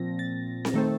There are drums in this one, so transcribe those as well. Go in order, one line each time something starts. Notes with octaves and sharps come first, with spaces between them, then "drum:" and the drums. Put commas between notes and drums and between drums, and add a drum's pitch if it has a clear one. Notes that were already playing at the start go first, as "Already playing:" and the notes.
Already playing: A#2 F3 C4 A#6
A6
drum: snare C4
D#3 A3 C4